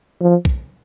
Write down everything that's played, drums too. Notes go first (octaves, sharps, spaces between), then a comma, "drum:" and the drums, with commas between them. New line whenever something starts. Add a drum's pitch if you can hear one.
F3
drum: kick